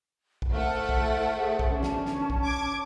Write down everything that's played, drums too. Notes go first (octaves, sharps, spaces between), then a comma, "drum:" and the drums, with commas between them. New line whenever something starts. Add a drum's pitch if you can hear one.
drum: kick
A3 E4 A4 C5 F#5 F6
drum: kick
G#4 C5 E5
drum: kick
C#4 D4 A5
drum: snare
drum: snare
drum: kick
D6 G#6